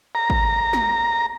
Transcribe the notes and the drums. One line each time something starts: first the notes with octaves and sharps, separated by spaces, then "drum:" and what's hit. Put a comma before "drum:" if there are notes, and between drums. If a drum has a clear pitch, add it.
A#5
drum: kick
drum: snare